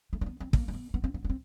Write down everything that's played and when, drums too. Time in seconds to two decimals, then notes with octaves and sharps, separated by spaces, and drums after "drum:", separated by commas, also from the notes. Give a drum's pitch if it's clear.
0.13 A3
0.21 A#3
0.26 B3
0.40 C4
0.53 A#3, drum: kick
0.68 A#3
0.74 B3
0.94 B3
1.04 C4
1.14 B3
1.25 A#3
1.30 C4